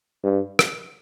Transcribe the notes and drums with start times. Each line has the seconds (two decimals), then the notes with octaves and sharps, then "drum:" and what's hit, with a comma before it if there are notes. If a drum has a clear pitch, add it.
0.24 G2
0.59 drum: rim click